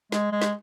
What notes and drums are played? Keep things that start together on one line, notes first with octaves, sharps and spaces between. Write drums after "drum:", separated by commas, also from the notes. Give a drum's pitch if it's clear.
G#3, drum: snare
G#3
drum: snare